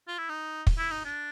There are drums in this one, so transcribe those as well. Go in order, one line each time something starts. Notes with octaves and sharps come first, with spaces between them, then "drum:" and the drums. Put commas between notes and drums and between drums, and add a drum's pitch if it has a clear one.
F4
E4
D#4
drum: kick
E4
D#4
D4